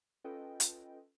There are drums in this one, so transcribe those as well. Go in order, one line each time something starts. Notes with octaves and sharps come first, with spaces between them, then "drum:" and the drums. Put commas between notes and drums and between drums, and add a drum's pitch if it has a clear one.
C#4 F4 A4 B4 D#5 G5
drum: hi-hat